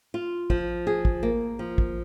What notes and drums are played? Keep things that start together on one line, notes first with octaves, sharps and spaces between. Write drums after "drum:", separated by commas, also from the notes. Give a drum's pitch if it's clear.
F4
F3, drum: kick
G#4
drum: kick
A#3
F3
drum: kick